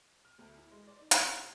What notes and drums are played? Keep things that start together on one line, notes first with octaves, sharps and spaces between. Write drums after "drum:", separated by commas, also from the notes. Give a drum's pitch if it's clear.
F6
D2
E4
G#3
D5
D#4
F5, drum: hi-hat
B5
C3